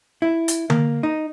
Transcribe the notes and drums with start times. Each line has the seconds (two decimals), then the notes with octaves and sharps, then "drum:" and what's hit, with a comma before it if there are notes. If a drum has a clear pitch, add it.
0.22 E4
0.48 drum: hi-hat
0.70 A#3, drum: tom D3
1.03 D#4